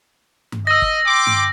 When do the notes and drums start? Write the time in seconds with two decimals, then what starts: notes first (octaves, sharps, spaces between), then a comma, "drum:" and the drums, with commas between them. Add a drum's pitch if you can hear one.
0.52 drum: tom G2
0.67 D#5 E6 A#6
0.82 drum: kick
1.07 G5 C6 D6
1.27 drum: tom G2